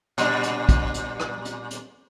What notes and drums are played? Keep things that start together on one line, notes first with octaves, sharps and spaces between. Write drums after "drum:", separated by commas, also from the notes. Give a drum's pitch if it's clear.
A#2 G3 D4, drum: hi-hat
drum: hi-hat
drum: kick, hi-hat
drum: hi-hat
drum: rim click
drum: hi-hat
drum: hi-hat